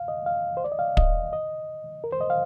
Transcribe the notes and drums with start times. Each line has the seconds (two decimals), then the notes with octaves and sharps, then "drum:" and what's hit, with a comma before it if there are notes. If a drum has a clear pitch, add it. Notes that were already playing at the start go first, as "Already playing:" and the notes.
Already playing: F5
0.08 D#5
0.26 F5
0.57 C5
0.64 D5
0.72 D#5
0.79 F5
0.97 D#5, drum: kick
1.33 D#5
2.04 A#4
2.13 C5
2.21 D#5
2.30 F5